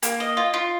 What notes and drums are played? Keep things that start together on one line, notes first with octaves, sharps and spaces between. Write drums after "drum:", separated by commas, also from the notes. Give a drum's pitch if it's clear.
A#3, drum: hi-hat
D#5
F4
F4